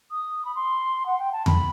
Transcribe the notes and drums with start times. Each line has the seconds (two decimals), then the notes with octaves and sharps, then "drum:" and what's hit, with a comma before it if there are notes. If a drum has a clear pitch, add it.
0.11 D#6
0.45 B5
0.55 C6
1.06 F#5
1.19 G5
1.33 A5
1.46 B5, drum: tom E2